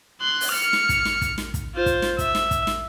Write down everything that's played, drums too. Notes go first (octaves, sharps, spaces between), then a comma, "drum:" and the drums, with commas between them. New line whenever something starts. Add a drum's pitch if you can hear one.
C6 F#6
drum: open hi-hat
F6 C#7
drum: snare
drum: kick, hi-hat
drum: snare
drum: kick, hi-hat
drum: snare
drum: kick, hi-hat
F4 C5
drum: kick, hi-hat
drum: snare
E5, drum: kick, hi-hat
drum: snare
drum: kick, hi-hat
drum: snare